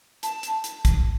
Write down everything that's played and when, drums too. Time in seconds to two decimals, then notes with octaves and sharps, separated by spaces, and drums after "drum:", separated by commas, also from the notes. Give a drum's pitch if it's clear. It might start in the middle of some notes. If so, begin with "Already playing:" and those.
0.23 A5, drum: hi-hat
0.43 drum: hi-hat
0.64 drum: hi-hat
0.85 drum: kick, hi-hat